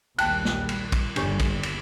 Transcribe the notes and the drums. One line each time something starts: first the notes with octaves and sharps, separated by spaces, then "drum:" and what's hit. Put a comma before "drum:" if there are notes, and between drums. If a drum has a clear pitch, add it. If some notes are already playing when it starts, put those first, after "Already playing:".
A#1 D#2 G3 G5 A5 F#6, drum: cymbal
drum: snare
drum: cymbal
drum: kick, cymbal
G1 D#2 D4 G4 C#5, drum: cymbal
drum: kick, cymbal
drum: cymbal